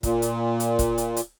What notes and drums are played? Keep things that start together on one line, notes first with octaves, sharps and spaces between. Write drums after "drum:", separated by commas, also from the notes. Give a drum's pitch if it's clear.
A#2, drum: kick, hi-hat
drum: hi-hat
drum: hi-hat
drum: kick, hi-hat
drum: hi-hat
drum: hi-hat